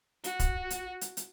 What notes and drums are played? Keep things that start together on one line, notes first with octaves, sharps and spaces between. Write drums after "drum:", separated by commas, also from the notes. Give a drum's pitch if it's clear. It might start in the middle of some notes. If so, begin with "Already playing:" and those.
F#4, drum: hi-hat
drum: kick, hi-hat
drum: hi-hat
drum: hi-hat
drum: hi-hat